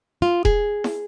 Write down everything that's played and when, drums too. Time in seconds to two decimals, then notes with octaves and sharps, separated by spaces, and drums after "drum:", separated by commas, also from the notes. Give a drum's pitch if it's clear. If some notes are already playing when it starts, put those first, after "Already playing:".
0.22 F4
0.45 G#4, drum: kick E1
0.84 drum: snare E4